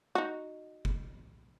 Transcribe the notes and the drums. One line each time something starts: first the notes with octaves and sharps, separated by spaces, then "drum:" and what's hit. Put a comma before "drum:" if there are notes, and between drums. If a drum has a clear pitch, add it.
D#4 F#4
drum: kick F#1